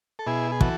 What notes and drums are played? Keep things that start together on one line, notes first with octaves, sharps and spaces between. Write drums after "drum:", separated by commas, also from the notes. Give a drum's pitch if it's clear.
A4
B2 E4 G#4
G#4
E3 F#4 A4, drum: kick